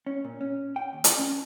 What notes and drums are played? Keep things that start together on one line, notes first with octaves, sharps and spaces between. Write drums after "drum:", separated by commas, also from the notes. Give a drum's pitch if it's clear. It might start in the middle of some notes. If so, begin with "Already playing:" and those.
C#4
A#2
C#4
G5
D#2
drum: hi-hat
C#4